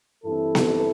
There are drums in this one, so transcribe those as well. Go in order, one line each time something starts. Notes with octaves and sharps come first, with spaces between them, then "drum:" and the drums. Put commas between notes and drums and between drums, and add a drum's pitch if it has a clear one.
G2 E3 C4 E4 A4
drum: snare B3